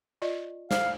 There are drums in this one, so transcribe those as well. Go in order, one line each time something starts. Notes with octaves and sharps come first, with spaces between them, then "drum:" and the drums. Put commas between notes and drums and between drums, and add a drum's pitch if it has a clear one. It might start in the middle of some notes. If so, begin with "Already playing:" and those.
F4 D5 D#5
C5 F5, drum: snare